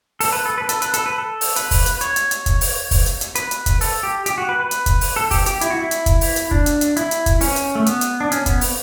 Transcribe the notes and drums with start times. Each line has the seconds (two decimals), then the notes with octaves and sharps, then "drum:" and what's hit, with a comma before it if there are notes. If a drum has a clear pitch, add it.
0.20 A4, drum: open hi-hat
0.33 B4
0.46 A4
0.58 B4
0.69 A4, drum: hi-hat
0.82 B4, drum: hi-hat
0.94 A4, drum: hi-hat
1.06 B4
1.18 A4
1.41 drum: open hi-hat
1.56 B4, drum: hi-hat
1.71 drum: kick, open hi-hat
1.86 drum: hi-hat
2.01 C#5, drum: hi-hat
2.16 drum: hi-hat
2.31 drum: hi-hat
2.46 drum: kick, hi-hat
2.61 drum: open hi-hat
2.91 drum: kick, open hi-hat
3.06 drum: hi-hat
3.21 drum: hi-hat
3.35 B4, drum: hi-hat
3.51 drum: hi-hat
3.66 drum: kick, hi-hat
3.81 A4, drum: open hi-hat
4.03 G4
4.26 G4, drum: hi-hat
4.38 F#4
4.49 B4
4.60 B4
4.71 drum: hi-hat
4.86 drum: kick, hi-hat
5.01 drum: open hi-hat
5.16 A4
5.31 G4, drum: kick, open hi-hat
5.46 G4, drum: hi-hat
5.61 E4, drum: hi-hat
5.70 F#4
5.79 E4
5.91 drum: hi-hat
6.06 drum: kick, hi-hat
6.21 drum: open hi-hat
6.36 drum: hi-hat
6.51 D4, drum: kick
6.66 drum: hi-hat
6.81 drum: hi-hat
6.97 E4, drum: hi-hat
7.11 drum: hi-hat
7.26 drum: kick, hi-hat
7.41 C#4, drum: open hi-hat
7.56 drum: hi-hat
7.75 A3
7.86 B3, drum: hi-hat
8.01 drum: hi-hat
8.21 D4
8.32 C#4, drum: hi-hat
8.46 B3, drum: kick, hi-hat
8.61 drum: open hi-hat